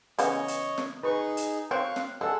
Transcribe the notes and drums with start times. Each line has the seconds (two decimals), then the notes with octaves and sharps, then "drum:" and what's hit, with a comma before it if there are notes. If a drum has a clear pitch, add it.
0.19 C#3 E3 B3 C#5 D#5 C#6, drum: hi-hat
0.48 drum: hi-hat
0.78 drum: snare
1.03 D#4 G#4 B4 C#6
1.37 drum: hi-hat
1.71 C4 C#5 F5 C#6 F#6
1.96 drum: snare
2.21 G#3 G#4 A4 F#5 E6